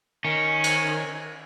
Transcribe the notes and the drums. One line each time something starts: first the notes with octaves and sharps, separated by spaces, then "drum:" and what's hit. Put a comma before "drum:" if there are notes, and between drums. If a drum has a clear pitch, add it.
D#3 C#4
drum: cymbal